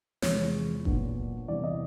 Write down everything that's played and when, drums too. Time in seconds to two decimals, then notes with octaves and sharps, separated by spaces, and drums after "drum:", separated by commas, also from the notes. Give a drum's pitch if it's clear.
0.22 E2 C3 F3 G#3 C#5, drum: snare
0.85 A#2 F#3 B3 D4, drum: kick F#1
1.48 E2 C3 E3 G3 B3 D5
1.64 D#5